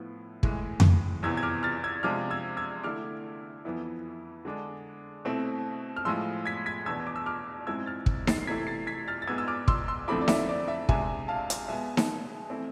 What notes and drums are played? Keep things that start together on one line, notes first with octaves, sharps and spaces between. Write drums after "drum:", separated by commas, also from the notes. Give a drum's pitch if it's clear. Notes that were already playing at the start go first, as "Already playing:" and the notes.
Already playing: A2 F3 B3 E4
A2 E3 G#3, drum: kick
drum: tom F2
E2 C3 E3 B3 E6 G#6
G#6
D6 F6
F6 A6
E6 G#6
C3 F3 G#3 D4 D6 F6
E6 G#6
E6 G#6
D3 A3 E4 D6 F6
F2 E3 B3 E4
D3 G#3 D4
B2 A3 C4 E4
F6
A2 F3 G#3 C6 E6
G#6 B6
G#6 B6
E2 B2 B3 D4 E6 G#6
D6
E6
D6 F6
G#2 G#3 C4 E4 E6 G#6
F6 A6
drum: kick
A6 C7, drum: snare D#4
C3 E3 A3 E4 G#6 B6
A6 C7
G#6 B6
F6 A6
A6
G#2 G#3 B3 E6 G#6
E6
D6 F6
C6 E6, drum: kick
C6 E6
F2 D3 A3 C4 E4 B5 D6
D5
E5, drum: snare D#4
D5
E5
C3 G#3 D4 E5 G#5, drum: kick
F5 A5
drum: hi-hat
B2 G#3 B3 E5 G#5
drum: snare D#4
E3 A3 C4 E4